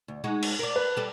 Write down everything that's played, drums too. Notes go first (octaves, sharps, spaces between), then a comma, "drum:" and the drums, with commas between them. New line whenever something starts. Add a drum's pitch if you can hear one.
D2
G#3 D#4 F#4
drum: cymbal
A#4 D5
B4
G3 A4